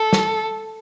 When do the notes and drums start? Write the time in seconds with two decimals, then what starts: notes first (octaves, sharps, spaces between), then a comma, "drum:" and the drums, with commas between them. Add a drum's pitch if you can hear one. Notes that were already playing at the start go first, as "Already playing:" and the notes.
Already playing: A4
0.13 drum: snare